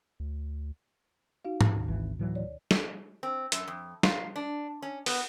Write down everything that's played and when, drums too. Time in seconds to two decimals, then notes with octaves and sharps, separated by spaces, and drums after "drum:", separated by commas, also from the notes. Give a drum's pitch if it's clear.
0.20 D2
1.45 D#4 F#4 F5
1.61 drum: tom
1.74 D2 B2 D#3
1.88 G#1 E3
2.19 A2 E3 F#3
2.35 C#5 D5
2.71 drum: snare
3.23 C4
3.52 F#2, drum: hi-hat
3.68 F2
4.03 F4, drum: snare
4.36 D4
4.82 C#4
5.06 B3, drum: open hi-hat